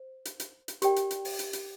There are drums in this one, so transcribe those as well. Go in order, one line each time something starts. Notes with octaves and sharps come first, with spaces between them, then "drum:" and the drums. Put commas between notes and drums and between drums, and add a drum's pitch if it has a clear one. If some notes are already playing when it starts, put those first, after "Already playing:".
Already playing: C5
drum: hi-hat
drum: hi-hat
drum: hi-hat
G4 A#4 D5 G5, drum: hi-hat
drum: hi-hat
drum: hi-hat
drum: open hi-hat
drum: hi-hat
drum: hi-hat